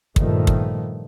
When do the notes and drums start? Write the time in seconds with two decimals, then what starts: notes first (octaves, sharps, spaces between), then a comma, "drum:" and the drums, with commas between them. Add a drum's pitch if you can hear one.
0.16 G2 A#2 D#3 F3 A3, drum: kick
0.47 drum: kick